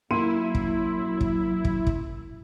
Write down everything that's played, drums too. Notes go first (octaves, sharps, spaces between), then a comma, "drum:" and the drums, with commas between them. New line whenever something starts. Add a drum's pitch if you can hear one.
F#2 A#3 E4 C6 D#7
drum: kick
drum: kick
drum: kick
drum: kick